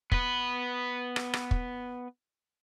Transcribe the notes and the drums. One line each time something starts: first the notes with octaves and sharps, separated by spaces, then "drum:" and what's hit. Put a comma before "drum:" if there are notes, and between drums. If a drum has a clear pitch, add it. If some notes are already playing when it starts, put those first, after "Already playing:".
B3 B4, drum: kick
drum: rim click
drum: rim click
drum: kick